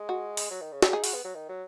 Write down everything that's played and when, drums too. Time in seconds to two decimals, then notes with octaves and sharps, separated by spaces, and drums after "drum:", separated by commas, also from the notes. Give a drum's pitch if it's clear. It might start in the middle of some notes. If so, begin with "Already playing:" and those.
Already playing: G#3
0.09 F#4
0.37 drum: open hi-hat
0.51 F#3
0.61 D#3
0.72 C#3
0.83 C#3, drum: snare
0.92 D#4 G#4
1.04 F#4, drum: open hi-hat
1.14 B3
1.24 F#3
1.35 D#3
1.49 F#3